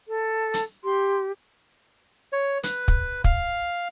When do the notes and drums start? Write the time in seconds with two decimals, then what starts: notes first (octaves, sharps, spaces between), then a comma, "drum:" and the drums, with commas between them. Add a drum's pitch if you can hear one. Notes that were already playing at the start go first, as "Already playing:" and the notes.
0.07 A4
0.54 drum: hi-hat
0.84 G4 C6
2.32 C#5
2.63 B4, drum: hi-hat
2.88 drum: kick
3.24 F5, drum: kick